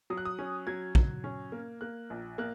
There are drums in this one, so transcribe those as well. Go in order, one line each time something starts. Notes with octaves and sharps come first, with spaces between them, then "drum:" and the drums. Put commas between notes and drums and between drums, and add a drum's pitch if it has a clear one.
F#3 D#6
F#6
D#6
C#4
F#3 G#6
F#3, drum: kick
C#4
A#3
A#3 F#6
A#1
A#3 F#6